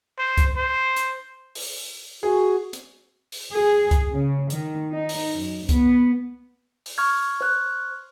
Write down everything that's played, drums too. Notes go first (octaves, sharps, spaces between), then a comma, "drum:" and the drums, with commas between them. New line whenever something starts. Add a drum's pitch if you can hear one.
C5
drum: kick C2, hi-hat
C5
drum: hi-hat
drum: open hi-hat
F#4 G#4
drum: hi-hat
drum: open hi-hat
G#4
drum: kick C2, hi-hat
C#3
D#3, drum: hi-hat
D#4
drum: open hi-hat
F#2
B3, drum: kick C2, hi-hat
drum: open hi-hat
C#6 F6 G#6
C5 F#6